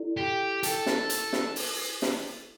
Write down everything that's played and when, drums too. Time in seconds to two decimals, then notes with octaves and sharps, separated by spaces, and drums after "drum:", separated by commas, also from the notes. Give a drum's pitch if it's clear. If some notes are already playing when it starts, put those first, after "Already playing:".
Already playing: E4 A4 D5
0.17 G4
0.63 A4, drum: hi-hat
0.86 drum: snare
1.10 drum: hi-hat
1.33 drum: snare
1.56 drum: open hi-hat
2.02 drum: snare